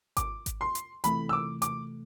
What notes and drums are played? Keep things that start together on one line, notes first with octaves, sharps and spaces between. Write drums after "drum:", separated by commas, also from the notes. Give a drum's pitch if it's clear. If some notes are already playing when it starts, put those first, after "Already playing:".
D6, drum: kick G#1, hi-hat
drum: kick G#1, hi-hat
C6
drum: hi-hat
C3 E3 A3 B5, drum: hi-hat
E6
D6
D6, drum: hi-hat